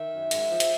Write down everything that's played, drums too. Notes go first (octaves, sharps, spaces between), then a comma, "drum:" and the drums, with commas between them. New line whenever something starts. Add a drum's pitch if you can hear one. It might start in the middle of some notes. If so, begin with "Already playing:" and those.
Already playing: D#3 E5
F#2
G#2, drum: hi-hat
F3
drum: hi-hat